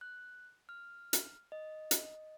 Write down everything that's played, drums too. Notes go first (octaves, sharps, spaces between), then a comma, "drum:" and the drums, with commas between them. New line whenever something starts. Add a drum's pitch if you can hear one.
F#6
F6
drum: hi-hat
D#5
drum: hi-hat